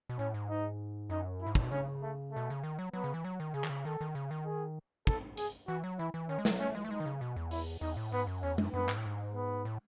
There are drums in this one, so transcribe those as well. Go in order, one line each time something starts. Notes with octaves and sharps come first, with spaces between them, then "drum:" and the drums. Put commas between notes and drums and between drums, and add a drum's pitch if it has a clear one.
B2
A2 C#4
G#2
D#4
F#2 D#4
E4
G#2
A2, drum: kick
B2
C#3 C#4
A3
B2 A3
C#3
D#3
F#3
F#3 B3
C#3
E3
F#3
D#3
C#3 G#4
D#3, drum: clap
C#3
D#3 A4
D#3
C#3
D#3
G#4
A4, drum: kick
G#4, drum: hi-hat
E3 F#4
F#3
E3 E4
E3
D#3 C#4
G#3
F#3, drum: snare
A3 C#4
G#3
A3
G#3 D#4
D#3
C#3
B2
E2
E4, drum: open hi-hat
E2 D#4
A2
G#2 B3
F#2
E2 C#4
F#2, drum: tom
F#2 B3
G#2, drum: clap
A2
G#2
B3
A2